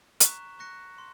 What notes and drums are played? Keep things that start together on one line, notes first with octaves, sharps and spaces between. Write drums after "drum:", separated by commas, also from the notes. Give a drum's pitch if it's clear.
A#5 C#6 F#6 B6 E7, drum: hi-hat
C#6 F#6 A#6 C#7
C6